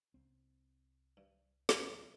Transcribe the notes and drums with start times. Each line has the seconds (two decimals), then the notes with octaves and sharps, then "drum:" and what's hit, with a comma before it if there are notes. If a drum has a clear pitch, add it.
0.14 C2 C4
1.17 G2
1.69 A1 D2 C3 G#3, drum: snare
1.90 B1 F#3 G3 F4